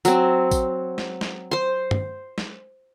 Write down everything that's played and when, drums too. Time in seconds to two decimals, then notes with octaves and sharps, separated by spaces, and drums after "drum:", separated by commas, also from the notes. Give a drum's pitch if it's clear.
0.05 F#3 C4, drum: tambourine
0.51 drum: kick A1, tambourine
0.98 drum: snare
1.21 drum: snare
1.51 C5 C6
1.91 drum: tom
2.38 drum: snare